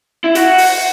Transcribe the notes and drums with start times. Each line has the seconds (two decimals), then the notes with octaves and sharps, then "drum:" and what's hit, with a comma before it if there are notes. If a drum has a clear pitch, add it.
0.24 E4
0.35 F#4, drum: hi-hat
0.58 drum: open hi-hat